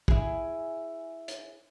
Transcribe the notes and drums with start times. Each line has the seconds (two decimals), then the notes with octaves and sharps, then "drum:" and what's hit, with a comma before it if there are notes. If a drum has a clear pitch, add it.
0.08 E4 G#4, drum: kick
1.28 drum: hi-hat